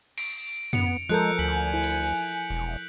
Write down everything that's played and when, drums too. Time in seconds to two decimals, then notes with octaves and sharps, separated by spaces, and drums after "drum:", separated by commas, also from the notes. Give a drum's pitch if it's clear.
0.18 D7, drum: cymbal
0.73 B3 C#7 F7, drum: tom
1.09 F3 G#3 A4 A#4 F#6 G6
1.39 D2 G#5 B6 F#7
1.74 E4
1.83 drum: cymbal
2.50 E1